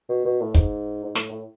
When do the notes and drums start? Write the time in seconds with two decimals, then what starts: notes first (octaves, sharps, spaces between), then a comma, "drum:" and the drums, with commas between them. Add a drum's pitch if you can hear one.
0.09 B2
0.25 B2
0.40 A2
0.55 G#2, drum: kick
1.04 G#2
1.15 A2, drum: snare
1.31 A2